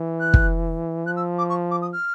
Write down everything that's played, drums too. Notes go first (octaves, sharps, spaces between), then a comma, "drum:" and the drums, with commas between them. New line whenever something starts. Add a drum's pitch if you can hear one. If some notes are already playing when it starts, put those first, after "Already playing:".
Already playing: E3
F#6
drum: kick
F3 F#6
E6
D6
C#6
D6
D#6
F6